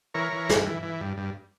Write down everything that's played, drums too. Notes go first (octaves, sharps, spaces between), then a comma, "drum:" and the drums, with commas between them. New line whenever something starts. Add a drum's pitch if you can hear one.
E3 A#4 C#5
E3
G2, drum: snare
E3
E3
G2
G2